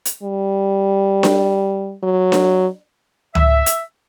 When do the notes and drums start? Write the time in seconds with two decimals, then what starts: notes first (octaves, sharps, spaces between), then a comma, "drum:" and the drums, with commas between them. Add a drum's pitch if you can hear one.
0.05 drum: hi-hat
0.23 G3
1.23 drum: snare D4
2.03 F#3
2.32 drum: snare D4
3.35 E5, drum: tom C#2
3.66 drum: hi-hat